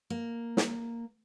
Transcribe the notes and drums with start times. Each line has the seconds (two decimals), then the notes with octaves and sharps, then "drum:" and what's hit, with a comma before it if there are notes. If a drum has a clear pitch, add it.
0.10 A#3
0.57 drum: snare